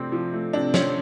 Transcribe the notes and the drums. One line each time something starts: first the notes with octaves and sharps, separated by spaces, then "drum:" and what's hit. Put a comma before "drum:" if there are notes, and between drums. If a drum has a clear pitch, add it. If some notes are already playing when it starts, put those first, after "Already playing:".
Already playing: C3 F3 A3 C4 D4
F3
A3
C3 D4
C4 C#4, drum: snare